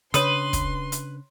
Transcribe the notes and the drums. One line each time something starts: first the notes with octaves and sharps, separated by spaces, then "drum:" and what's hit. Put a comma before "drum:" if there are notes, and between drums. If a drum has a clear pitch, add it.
C#3 D4 B4 C#5 C6 D#6, drum: hi-hat
drum: kick, hi-hat
drum: hi-hat